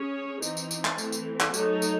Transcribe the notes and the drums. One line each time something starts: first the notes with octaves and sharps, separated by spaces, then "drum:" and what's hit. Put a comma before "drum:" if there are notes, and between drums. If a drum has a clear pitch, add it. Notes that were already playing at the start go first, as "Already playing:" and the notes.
Already playing: C#4 G#4 C#5
E3 C4 D#4, drum: tambourine
drum: tambourine
drum: tambourine
drum: clap
E3 A3 C4, drum: tambourine
drum: tambourine
drum: clap
F#3 A3 D#4 A4 C#5, drum: tambourine
drum: tambourine